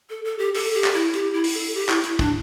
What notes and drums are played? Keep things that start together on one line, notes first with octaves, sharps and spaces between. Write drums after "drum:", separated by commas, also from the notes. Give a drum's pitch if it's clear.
A4
A4
G4
A4, drum: open hi-hat
G4
drum: clap
E4
G4, drum: hi-hat
E4
drum: open hi-hat
A4
G4
E4, drum: clap
E4, drum: hi-hat
D4, drum: kick